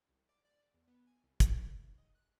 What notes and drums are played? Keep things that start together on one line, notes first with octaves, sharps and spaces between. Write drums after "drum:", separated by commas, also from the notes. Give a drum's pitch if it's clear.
C2
D5
D5
E2
B3
G#5
C2
A3, drum: kick, hi-hat
A2
G#2
D#5
F#6